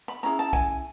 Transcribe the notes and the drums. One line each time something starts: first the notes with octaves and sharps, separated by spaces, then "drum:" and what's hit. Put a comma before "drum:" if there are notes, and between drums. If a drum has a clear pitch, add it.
B5
C#4 E4 G#4 A#5
A5
G#5, drum: kick B1